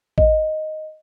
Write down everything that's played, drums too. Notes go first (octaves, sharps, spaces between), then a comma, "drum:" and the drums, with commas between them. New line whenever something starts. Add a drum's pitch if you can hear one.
D#5, drum: kick